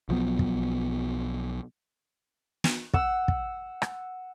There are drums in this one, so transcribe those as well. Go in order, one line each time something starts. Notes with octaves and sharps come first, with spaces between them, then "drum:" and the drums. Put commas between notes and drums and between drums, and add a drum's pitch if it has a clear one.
B1 F3 F#3 B3
drum: kick
drum: snare
F#5 E6, drum: kick
drum: kick
drum: rim click